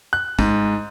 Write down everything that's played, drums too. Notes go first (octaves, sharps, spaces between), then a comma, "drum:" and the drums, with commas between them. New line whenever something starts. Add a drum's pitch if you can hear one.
F#6
G#2, drum: kick, tambourine